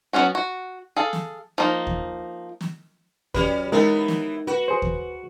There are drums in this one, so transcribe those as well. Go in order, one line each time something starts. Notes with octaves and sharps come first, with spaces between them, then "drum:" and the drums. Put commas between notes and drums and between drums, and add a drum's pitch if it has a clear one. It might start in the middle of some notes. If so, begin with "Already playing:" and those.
F#3 A3 B3 C#4 F#4
F#4
G#4 A4 F5
drum: snare
F3 A#3 D#4
drum: kick D#2
drum: snare
F#3 G3 C#4 B4, drum: kick D#2
E3 G#3 B3 D#4 A#4
drum: snare
F#4 B4
G#4 C5
drum: kick D#2